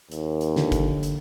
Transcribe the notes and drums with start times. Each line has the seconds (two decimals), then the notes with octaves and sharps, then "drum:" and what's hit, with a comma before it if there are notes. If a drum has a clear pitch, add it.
0.12 D#2, drum: hi-hat
0.41 drum: hi-hat
0.56 D3, drum: snare
0.72 drum: kick, hi-hat
1.03 drum: hi-hat